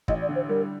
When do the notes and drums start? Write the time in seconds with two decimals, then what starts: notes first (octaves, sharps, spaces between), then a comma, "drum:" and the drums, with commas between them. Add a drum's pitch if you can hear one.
0.08 A1 D#5, drum: kick
0.22 D5
0.29 D3
0.36 C5
0.49 G3 A#4